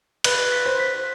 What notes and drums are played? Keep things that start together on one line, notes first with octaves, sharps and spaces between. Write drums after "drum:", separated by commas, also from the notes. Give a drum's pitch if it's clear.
B4 F#6, drum: cymbal
B6
C5
B6